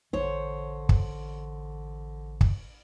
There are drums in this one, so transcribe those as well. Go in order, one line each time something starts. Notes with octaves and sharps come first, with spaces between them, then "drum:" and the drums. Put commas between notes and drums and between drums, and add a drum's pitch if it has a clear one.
A1 D3 C5 C#5
drum: kick
drum: kick